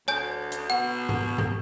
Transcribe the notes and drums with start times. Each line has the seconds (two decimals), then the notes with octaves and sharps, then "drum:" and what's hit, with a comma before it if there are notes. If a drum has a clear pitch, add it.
0.08 D2 C#5 G#5 G6
0.52 drum: hi-hat
0.70 B2 F#5
1.09 drum: tom G#2
1.38 drum: tom G#2